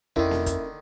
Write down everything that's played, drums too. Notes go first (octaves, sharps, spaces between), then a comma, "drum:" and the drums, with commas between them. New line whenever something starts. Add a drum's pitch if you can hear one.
F2 D3 D#3 C#4 E4 A#4, drum: kick
drum: snare A#3
drum: kick, hi-hat